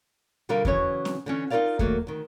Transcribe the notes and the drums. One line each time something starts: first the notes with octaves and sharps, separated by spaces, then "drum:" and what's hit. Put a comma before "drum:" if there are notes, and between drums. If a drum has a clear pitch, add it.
B2 D3 G3 F4 A#4 F5
C#3 E3 F#3 C#4 B4 C#5, drum: kick E2
drum: snare C4
D3 E3 C#4
D#4 F4 G4 A#4 D5 F5
D#3 F#3 A3 A#3, drum: kick E2
D2 D#3